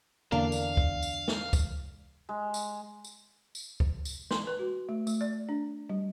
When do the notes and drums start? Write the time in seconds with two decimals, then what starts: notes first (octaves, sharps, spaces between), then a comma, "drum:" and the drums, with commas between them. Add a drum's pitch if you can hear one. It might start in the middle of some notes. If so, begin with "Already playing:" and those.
0.32 E2 D3 A#3 D4 F5
0.52 drum: tambourine
0.77 drum: kick
1.03 drum: tambourine
1.28 drum: snare
1.53 drum: kick, tambourine
2.29 G#3
2.54 drum: tambourine
3.04 drum: tambourine
3.55 drum: tambourine
3.80 drum: kick
4.05 drum: tambourine
4.31 C6, drum: snare
4.47 B4
4.59 F#4
4.89 A3
5.07 A3, drum: tambourine
5.21 D5
5.49 D4
5.89 G3